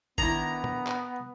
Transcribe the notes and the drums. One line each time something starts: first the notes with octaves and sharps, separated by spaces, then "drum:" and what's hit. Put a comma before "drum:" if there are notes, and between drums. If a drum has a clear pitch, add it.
D#3 B3 D4 E4 A#5, drum: kick G#1
drum: tom A2
drum: clap